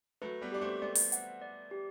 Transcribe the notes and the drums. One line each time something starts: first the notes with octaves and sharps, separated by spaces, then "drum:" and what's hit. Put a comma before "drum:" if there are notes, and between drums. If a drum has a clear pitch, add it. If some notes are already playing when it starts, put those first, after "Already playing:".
F#3 A3 B4
G3 B3
D4 G4
A3 C4
A3 C4 D5
drum: open hi-hat
F#5, drum: hi-hat
D5
G4